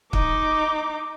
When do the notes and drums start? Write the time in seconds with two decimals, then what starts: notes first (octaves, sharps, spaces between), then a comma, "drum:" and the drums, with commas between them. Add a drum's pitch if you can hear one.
0.13 D#4 D6, drum: kick